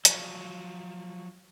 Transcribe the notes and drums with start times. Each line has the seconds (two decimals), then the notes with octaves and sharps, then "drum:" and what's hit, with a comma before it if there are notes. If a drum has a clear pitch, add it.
0.05 F3 F#3, drum: hi-hat